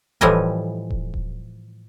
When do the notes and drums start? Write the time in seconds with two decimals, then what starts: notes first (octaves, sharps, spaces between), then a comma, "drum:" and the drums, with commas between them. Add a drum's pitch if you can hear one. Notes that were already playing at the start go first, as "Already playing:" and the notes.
0.21 A2 E3 F3 G3 D#5 G#5, drum: kick D#1
0.90 drum: kick D#1
1.14 drum: kick D#1